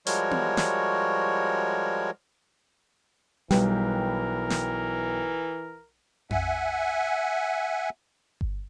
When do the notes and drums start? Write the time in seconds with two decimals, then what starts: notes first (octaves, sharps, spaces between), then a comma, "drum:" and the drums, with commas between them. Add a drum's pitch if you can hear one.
0.07 F3 G3 G#3 F#4 A#4 C#5, drum: hi-hat
0.31 drum: tom B3
0.57 drum: snare
3.51 B1 E3 G3 A#4 B4 G5, drum: snare
4.50 drum: snare
6.30 E5 F#5 G#5, drum: tom F2
8.41 drum: kick G1